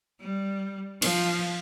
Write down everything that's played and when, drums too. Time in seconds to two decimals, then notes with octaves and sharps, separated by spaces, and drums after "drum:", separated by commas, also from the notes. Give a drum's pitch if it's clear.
0.21 G3
1.02 F3, drum: cymbal